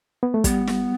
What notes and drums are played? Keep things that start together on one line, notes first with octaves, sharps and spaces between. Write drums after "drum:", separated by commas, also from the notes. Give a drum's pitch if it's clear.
B3
A3
G3 B3, drum: kick, hi-hat
drum: snare